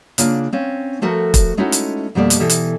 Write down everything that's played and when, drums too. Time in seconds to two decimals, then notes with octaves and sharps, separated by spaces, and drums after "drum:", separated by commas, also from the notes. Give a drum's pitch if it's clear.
0.18 C#3 A#3 D4 F4, drum: hi-hat
0.53 C4 C#4 F5
1.02 F3 A3 F#4 A4 A#4
1.34 drum: kick E1, hi-hat
1.57 G#3 A3 C#4 D#4 E4 F#4
1.72 drum: hi-hat
2.15 F2 B2 G3 A3 A#3 D5
2.30 drum: hi-hat
2.40 B2 E3 G4 A4
2.50 drum: hi-hat